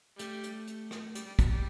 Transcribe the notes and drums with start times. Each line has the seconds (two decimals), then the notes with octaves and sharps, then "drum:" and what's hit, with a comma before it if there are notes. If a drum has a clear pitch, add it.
0.19 G3 A3, drum: hi-hat
0.43 drum: hi-hat
0.67 drum: hi-hat
0.91 drum: rim click
1.15 G3, drum: hi-hat
1.26 G3
1.39 F#3, drum: kick, hi-hat
1.51 G3